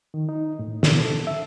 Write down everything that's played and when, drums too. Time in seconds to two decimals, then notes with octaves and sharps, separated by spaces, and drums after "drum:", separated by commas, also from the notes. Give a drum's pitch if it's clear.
0.14 D#3
0.29 D#4
0.59 A2
0.83 B2, drum: snare
1.00 A4
1.27 E5